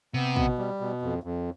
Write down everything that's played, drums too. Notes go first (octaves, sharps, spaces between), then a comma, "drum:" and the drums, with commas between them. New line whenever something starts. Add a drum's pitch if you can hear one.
C3 B3
B2, drum: kick
G3
B2
F2
F2